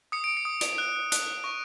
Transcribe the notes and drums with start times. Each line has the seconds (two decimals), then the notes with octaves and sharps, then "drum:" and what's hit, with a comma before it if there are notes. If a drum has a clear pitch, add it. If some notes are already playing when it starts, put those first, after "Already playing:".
0.12 D#6 C#7
0.24 D7
0.37 C#7
0.45 D#6
0.61 drum: hi-hat
0.78 F#6
1.12 F#6, drum: hi-hat
1.44 C#6